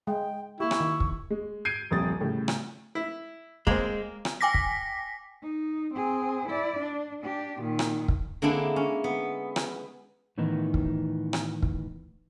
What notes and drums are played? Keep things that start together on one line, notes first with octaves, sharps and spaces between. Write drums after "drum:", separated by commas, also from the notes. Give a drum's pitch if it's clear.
G#3 G5
A#3 E4 G4 C#6
drum: rim click
D#3
drum: kick
G#3
G6 G#6 C7 D7 D#7
D#1 A#1 F2 G3 D#6 A6
A2 C#3 G3
drum: rim click
E4
G#3 A#3 C4, drum: kick
drum: rim click
G5 G#5 D6 A#6 B6
drum: kick
D#4
C4 G#4
E4 D5
D4
D4 G4
A#2 D#3
drum: rim click
drum: kick
D3 G#3 A#3 C4 D4 E4
C#4
B3
drum: rim click
A2 D#3 E3 B3 D#4
drum: kick
drum: rim click
drum: kick